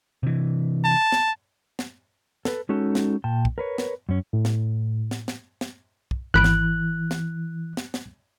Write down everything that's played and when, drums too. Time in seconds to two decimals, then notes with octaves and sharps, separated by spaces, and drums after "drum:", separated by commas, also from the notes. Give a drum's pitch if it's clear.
0.23 C3 E3
0.85 A5
1.12 drum: snare
1.79 drum: snare
2.45 A4 B4, drum: snare
2.69 G#3 C#4 D#4 F#4 A4
2.95 drum: snare
3.24 A#2 G5 A5
3.45 drum: kick
3.58 A#4 B4 C#5
3.78 drum: snare
4.09 F#2 C#4
4.33 A2
4.45 drum: snare
5.11 drum: snare
5.28 drum: snare
5.61 drum: snare
6.11 drum: kick
6.34 G#1 E3 B5 F#6 D7
6.44 drum: snare
7.11 drum: snare
7.77 drum: snare
7.94 drum: snare